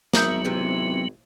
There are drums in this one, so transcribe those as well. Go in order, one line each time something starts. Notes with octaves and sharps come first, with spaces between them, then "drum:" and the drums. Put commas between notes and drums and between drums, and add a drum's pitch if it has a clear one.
G#1 F#3 B3 A#4 E5 D#6 G6, drum: snare
C3 E3 C4